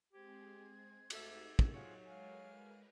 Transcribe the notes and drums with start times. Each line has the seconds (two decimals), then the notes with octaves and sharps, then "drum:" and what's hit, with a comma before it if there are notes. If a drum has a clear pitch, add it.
0.13 G#3 C4 G4 G#4 C5 G#6
1.10 D2 D#4 F#4 G4 A4 E5, drum: cymbal
1.59 drum: kick
1.74 F#3 F4 G#4 C5 C#5 F#5
2.07 G#3 A#4 B4 F5 G#5 F6